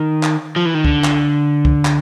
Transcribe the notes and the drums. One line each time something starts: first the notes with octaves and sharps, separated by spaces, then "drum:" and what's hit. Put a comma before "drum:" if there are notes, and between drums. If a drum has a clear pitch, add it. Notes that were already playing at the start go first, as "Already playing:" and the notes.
Already playing: D#3
drum: clap
F3
E3
D#3
D3, drum: kick C#2
drum: clap
drum: kick C#2
drum: clap